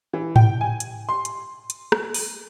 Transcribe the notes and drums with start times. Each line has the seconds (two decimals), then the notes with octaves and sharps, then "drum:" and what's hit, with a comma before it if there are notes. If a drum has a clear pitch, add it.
0.13 E3
0.36 G5, drum: tom G#2
0.61 G#5
0.80 drum: hi-hat
1.09 C6
1.25 drum: hi-hat
1.70 drum: hi-hat
1.92 drum: rim click
2.14 drum: open hi-hat